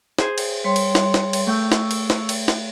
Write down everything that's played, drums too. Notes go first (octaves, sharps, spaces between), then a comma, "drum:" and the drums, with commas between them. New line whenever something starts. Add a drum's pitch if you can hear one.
G#4 C5 G#5, drum: snare
drum: cymbal
G3 C#5 C6
drum: cymbal
drum: snare
drum: snare
drum: cymbal
A3 G5 C#6 E6
drum: snare
drum: cymbal
drum: snare
drum: cymbal
drum: snare